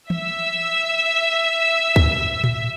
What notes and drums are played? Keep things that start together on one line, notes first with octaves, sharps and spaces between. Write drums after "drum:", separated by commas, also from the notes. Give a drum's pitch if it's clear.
E5 E6, drum: tom
drum: kick
drum: tom A2